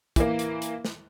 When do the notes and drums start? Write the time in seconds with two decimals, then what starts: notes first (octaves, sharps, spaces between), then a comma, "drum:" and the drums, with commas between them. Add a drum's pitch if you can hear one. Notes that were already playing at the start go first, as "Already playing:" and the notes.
0.16 E3 A#3, drum: kick, hi-hat
0.39 drum: hi-hat
0.62 drum: hi-hat
0.85 drum: snare